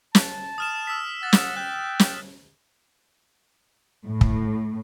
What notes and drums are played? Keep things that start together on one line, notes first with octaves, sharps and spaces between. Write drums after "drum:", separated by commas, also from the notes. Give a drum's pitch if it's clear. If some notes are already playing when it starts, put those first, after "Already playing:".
A5, drum: snare
D#6 F6 E7
E6 B6
F#5 A6
drum: snare
G5 F#6
drum: snare
A2
drum: kick